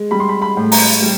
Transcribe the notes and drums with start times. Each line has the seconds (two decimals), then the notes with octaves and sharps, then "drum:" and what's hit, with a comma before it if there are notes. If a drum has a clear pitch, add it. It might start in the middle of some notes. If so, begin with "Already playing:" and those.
Already playing: G#3
0.11 G3 B5
0.20 C6
0.29 B5
0.42 B5
0.57 A2
0.72 A#5, drum: open hi-hat
1.02 G3